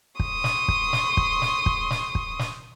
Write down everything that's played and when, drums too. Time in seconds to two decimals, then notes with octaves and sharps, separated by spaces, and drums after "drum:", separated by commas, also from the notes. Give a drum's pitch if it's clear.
0.20 C6 C#6 D#6, drum: kick
0.44 drum: snare
0.68 drum: kick
0.93 drum: snare
1.17 drum: kick
1.42 drum: snare
1.66 drum: kick
1.90 drum: snare
2.15 drum: kick
2.39 drum: snare